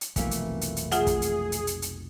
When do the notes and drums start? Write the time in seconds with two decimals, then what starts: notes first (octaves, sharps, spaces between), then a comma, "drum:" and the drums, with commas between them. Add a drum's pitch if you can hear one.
0.01 drum: hi-hat
0.16 F1 B1 F2 E3 A3 A#3, drum: kick, hi-hat
0.31 drum: hi-hat
0.61 drum: hi-hat
0.76 drum: hi-hat
0.92 F4 G#4 E5 F#5, drum: hi-hat
1.07 drum: kick, hi-hat
1.22 drum: hi-hat
1.52 drum: hi-hat
1.67 drum: hi-hat
1.82 drum: hi-hat